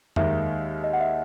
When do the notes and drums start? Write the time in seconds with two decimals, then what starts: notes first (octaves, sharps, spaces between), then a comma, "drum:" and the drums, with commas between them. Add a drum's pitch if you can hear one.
0.16 D#2 D#3 G#3 D#4 A#4 E5, drum: tom F2
0.84 D#5
0.93 F#5
1.00 E5